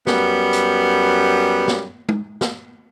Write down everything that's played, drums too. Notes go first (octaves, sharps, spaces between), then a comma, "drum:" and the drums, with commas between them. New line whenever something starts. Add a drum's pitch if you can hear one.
F#2 G3 B3, drum: snare
drum: hi-hat
drum: snare
drum: tom
drum: snare